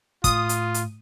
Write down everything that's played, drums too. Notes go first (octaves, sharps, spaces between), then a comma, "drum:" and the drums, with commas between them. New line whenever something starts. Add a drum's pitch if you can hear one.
A2 F4 D#6, drum: kick, hi-hat
drum: hi-hat
drum: hi-hat